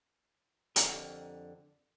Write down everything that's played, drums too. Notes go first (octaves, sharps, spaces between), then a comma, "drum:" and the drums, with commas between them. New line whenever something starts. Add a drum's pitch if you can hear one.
F2 D3 G4 A#4, drum: hi-hat